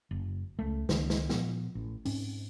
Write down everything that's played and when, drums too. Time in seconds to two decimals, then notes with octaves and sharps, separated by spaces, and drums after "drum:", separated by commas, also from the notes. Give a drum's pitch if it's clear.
0.11 F#1
0.59 C#2 A3
0.89 C#2 D#3 A#3, drum: snare
1.10 drum: snare
1.29 A#2 F3 B3, drum: snare
1.75 A1
2.05 G#2 C4 C#4, drum: open hi-hat